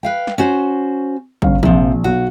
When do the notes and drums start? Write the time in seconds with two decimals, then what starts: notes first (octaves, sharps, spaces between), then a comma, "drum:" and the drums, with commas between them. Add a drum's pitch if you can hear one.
0.03 B4 F5 G5
0.27 drum: snare
0.38 C#4 F#4 C5
1.42 G1 C#4 F5, drum: kick
1.63 A#1 C3 F3, drum: kick
2.04 B1 F#4